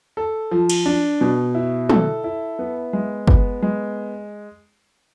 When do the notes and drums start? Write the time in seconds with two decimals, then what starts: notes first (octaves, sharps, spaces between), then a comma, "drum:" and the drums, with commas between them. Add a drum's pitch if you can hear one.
0.17 A4
0.51 F3
0.69 drum: cymbal
0.86 D4
1.21 B2
1.55 E4
1.89 A4, drum: tom
2.24 E4
2.59 B3
2.93 G#3
3.27 B3, drum: kick
3.62 G#3